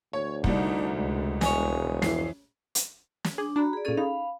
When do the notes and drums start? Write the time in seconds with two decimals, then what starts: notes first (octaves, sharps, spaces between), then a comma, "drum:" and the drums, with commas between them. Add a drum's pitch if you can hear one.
0.13 D2 C#5
0.44 C2 G3 D4 D#4, drum: kick
0.96 C#2 G#3
1.41 E1 G#4 C#5, drum: snare
2.02 F2 E3 C7, drum: snare
2.75 drum: hi-hat
3.24 drum: snare
3.38 D4 G#4
3.56 D4 F#4 A#5 B5
3.73 G#4 D5
3.85 A#2 C#4 G#4 A4 D#7
3.97 D#4 F5 B5